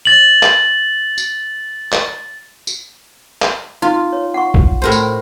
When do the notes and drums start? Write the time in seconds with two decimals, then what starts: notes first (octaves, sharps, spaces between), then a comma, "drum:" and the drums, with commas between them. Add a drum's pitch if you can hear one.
0.05 A6 F#7
0.43 drum: clap
1.18 drum: tambourine
1.92 drum: clap
2.67 drum: tambourine
3.42 drum: clap
3.82 D#4 F4
4.13 C#5
4.34 F#5 C#6
4.54 drum: kick B1
4.82 A2 A#4 C5
4.92 drum: tambourine